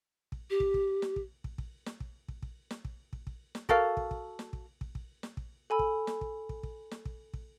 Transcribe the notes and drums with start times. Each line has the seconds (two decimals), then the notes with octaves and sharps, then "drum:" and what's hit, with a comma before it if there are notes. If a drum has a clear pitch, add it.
0.32 drum: kick
0.50 G4
0.60 drum: kick
0.74 drum: kick
1.02 drum: snare
1.16 drum: kick
1.44 drum: kick
1.58 drum: kick
1.86 drum: snare
2.00 drum: kick
2.28 drum: kick
2.42 drum: kick
2.71 drum: snare
2.85 drum: kick
3.13 drum: kick
3.27 drum: kick
3.55 drum: snare
3.69 F#4 A4 A#4 F5, drum: kick
3.97 drum: kick
4.11 drum: kick
4.39 drum: snare
4.53 drum: kick
4.81 drum: kick
4.95 drum: kick
5.23 drum: snare
5.37 drum: kick
5.70 A4 G#5 B5 E6
5.79 drum: kick
6.07 drum: snare
6.21 drum: kick
6.49 drum: kick
6.63 drum: kick
6.91 drum: snare
7.05 drum: kick
7.34 drum: kick